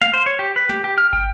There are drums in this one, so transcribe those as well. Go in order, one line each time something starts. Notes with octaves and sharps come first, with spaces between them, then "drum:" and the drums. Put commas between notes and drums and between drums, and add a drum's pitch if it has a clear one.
F5, drum: snare
C5
C#5
G4
B4
G4, drum: snare
G4
F6
G5, drum: kick